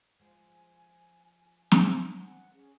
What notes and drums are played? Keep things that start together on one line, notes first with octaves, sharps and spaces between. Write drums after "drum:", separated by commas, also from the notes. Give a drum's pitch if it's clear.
F3 G#3 G#5
drum: snare
C5
F#5 G#5
C#4 G#4